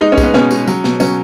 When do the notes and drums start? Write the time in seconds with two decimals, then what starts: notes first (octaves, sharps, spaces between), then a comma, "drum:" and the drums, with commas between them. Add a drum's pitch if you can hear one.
0.01 G#3 D#4
0.12 C#4
0.18 G#3, drum: kick B1, tambourine
0.23 B3
0.34 B2 C#4, drum: snare
0.51 G#3, drum: tambourine
0.68 F#3, drum: tambourine
0.84 B2, drum: snare
1.00 F#3 C#4, drum: tambourine